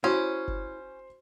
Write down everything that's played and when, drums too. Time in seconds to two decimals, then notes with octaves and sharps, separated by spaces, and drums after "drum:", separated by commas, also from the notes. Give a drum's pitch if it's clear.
0.04 C#4 E4 F#4 C5 C6
0.48 drum: kick F#1